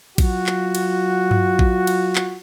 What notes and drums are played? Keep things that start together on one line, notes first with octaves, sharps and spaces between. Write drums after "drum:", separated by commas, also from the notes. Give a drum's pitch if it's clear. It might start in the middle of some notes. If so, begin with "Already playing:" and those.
F#3 F4 F#4, drum: kick A1, cymbal
drum: clap
drum: cymbal
drum: tom G2
drum: kick A1
drum: cymbal
drum: clap